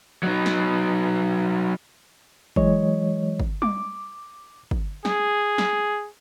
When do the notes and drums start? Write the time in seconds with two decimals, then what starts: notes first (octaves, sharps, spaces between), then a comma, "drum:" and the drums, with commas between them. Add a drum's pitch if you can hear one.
0.23 F#3 D#4
0.46 drum: snare
2.56 E3 F#3 G#3 C#5 D#5, drum: kick
3.40 drum: kick
3.62 D6, drum: tom G3
4.71 drum: kick
5.05 G#4, drum: snare
5.58 drum: snare